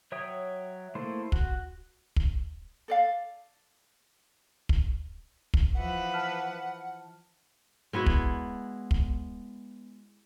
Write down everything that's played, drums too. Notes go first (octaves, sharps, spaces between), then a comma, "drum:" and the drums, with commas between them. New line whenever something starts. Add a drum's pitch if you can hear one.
F#3 C#5 E5 G5 D#6
A3 A#3 E4 C5
F#4, drum: kick
drum: kick
A4 D5 F5
drum: kick
drum: kick
E3 F3 B4 F#5
A5 F6
G#3 B3 E4 F#4
drum: kick
drum: kick